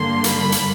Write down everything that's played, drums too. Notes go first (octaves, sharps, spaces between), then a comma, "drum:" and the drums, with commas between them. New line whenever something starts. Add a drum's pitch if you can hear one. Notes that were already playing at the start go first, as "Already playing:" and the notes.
Already playing: G2 D3 G3 A#3 C6
B5, drum: hi-hat
drum: hi-hat